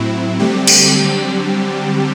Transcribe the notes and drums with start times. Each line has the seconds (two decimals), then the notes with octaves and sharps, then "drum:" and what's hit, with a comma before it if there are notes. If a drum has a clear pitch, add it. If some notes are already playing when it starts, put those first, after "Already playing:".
Already playing: A2 F#3 C4 E4
0.39 D3 F#3 G3 A3 C4 G4
0.67 drum: cymbal
1.00 D3 F#3 C4